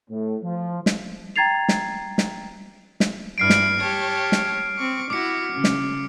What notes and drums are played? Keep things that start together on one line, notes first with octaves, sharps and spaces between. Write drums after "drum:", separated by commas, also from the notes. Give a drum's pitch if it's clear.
A2
F3
drum: snare
G5 A#5 G#6 A6 C7 F7
drum: snare
drum: snare
drum: snare
G2 E4 F6 C7 D7
drum: snare
G4 C#5 A5
drum: snare
C4 C#6 D6
E4 F#4 D6 C#7
C#3
drum: snare